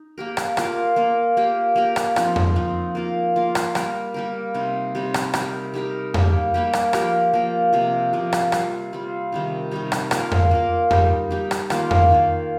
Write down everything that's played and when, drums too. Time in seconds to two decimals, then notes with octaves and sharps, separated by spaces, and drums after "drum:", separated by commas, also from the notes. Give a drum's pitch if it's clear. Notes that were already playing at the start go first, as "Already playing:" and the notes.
Already playing: D#4
0.18 A#3 G4 A#4
0.37 drum: rim click
0.57 A#3 F4 A#4, drum: rim click
0.96 A#3 F4 A#4
1.37 A#3 G4 A#4
1.76 A#3 G4 A#4
1.96 drum: rim click
2.16 F3 C4 D#4, drum: rim click
2.36 drum: tom F2
2.56 F3 C4 D#4
2.95 A#3 F4 A#4
3.36 A#3 F4 A#4
3.55 drum: rim click
3.75 G3 A#3 G4 A#4, drum: rim click
4.14 G3 A#3 G4 A#4
4.54 C3 G3 C4 D#4
4.95 C3 G3 C4 D#4
5.14 drum: rim click
5.34 G3 D#4 G4 A#4, drum: rim click
5.74 G3 D#4 G4 A#4
6.14 G3 A#3 G4, drum: tom F2
6.54 G3 A#3 G4
6.73 drum: rim click
6.93 F3 A#3 G4 A#4, drum: rim click
7.33 F3 A#3 G4 A#4
7.73 C3 F3 A#3
8.13 C3 F3 A#3
8.33 drum: rim click
8.52 G3 C4 F4, drum: rim click
8.93 G3 C4 F4
9.32 C3 D#3 G3 D#4
9.71 C3 D#3 G3 D#4
9.92 drum: rim click
10.11 A#3 F4 A#4, drum: rim click
10.31 drum: tom F2
10.51 A#3 F4 A#4
10.91 G3 D#4 G4, drum: tom F2
11.31 G3 D#4 G4
11.51 drum: rim click
11.70 D#3 A#3 F4, drum: rim click
11.91 drum: tom F2
12.11 D#3 A#3 F4